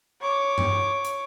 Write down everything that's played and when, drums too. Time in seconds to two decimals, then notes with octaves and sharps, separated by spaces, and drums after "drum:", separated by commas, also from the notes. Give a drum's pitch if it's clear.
0.21 C#5 D6
0.58 drum: tom G2
1.05 drum: hi-hat